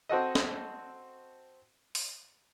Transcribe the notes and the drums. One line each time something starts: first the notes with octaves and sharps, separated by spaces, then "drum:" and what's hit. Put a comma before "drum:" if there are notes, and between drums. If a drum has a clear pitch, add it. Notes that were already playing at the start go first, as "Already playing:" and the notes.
C4 F#4 A4 D#5
drum: snare
drum: open hi-hat